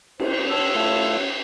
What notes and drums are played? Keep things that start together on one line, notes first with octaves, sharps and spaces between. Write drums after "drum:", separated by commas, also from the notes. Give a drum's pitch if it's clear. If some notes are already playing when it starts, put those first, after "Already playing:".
E4 C5, drum: cymbal
C#5 A5 E6
A3 E4 F4 A5